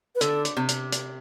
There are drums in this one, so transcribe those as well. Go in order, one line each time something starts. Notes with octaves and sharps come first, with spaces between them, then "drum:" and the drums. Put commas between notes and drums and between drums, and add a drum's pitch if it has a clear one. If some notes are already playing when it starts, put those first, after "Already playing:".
B4
D3 A4, drum: hi-hat
drum: hi-hat
C3
drum: hi-hat
drum: hi-hat